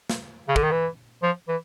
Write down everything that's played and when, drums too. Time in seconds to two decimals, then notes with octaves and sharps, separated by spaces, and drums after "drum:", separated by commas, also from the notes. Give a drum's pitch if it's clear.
0.10 drum: snare
0.48 C#3
0.56 D3, drum: kick
0.63 D#3
0.71 E3
1.23 F3
1.48 E3